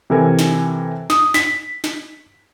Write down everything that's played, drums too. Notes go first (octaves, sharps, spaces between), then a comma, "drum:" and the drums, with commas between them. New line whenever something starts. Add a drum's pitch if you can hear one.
C3 E3 A4 A#4 G#5
drum: snare
D#6, drum: snare
B6, drum: snare
drum: snare